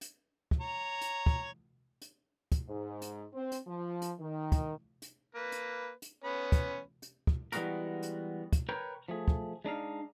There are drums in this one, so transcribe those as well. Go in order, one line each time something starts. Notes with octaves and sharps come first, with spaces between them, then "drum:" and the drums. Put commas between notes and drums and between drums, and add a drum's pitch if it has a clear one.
drum: hi-hat
drum: kick
C#5 A#5
drum: hi-hat
drum: kick
drum: hi-hat
drum: kick, hi-hat
G#2
drum: hi-hat
C4
drum: hi-hat
F3
drum: hi-hat
D#3
drum: kick, hi-hat
drum: hi-hat
A#3 B4
drum: hi-hat
drum: hi-hat
B3 C#4 B5
drum: kick, hi-hat
drum: hi-hat
drum: kick
E3 G3 G#3 B3 F#4 A#4, drum: hi-hat
drum: hi-hat
drum: kick, hi-hat
A#4 B4 C#5 G5
F3 A3 G#4
drum: kick
G#3 D4 D#4 F5